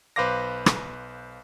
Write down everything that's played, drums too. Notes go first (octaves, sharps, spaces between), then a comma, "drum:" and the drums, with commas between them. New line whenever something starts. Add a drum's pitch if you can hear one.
B1 B4 C5 F5 D6 A#6
drum: rim click